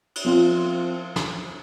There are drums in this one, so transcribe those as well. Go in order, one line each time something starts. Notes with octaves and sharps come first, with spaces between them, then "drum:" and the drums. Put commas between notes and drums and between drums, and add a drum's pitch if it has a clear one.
drum: cymbal
F3 C4 F4
drum: snare